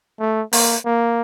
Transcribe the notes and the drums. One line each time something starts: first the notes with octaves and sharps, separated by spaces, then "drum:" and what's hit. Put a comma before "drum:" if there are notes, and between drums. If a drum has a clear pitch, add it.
A3
A#3, drum: open hi-hat
A#3